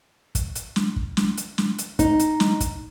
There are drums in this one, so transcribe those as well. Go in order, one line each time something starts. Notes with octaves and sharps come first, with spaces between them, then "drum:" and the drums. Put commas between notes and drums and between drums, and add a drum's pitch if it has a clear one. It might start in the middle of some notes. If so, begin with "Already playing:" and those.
drum: kick, hi-hat
drum: hi-hat
drum: snare
drum: kick
drum: snare
drum: hi-hat
drum: snare
drum: hi-hat
D#4, drum: kick, hi-hat
drum: hi-hat
drum: snare
drum: kick, hi-hat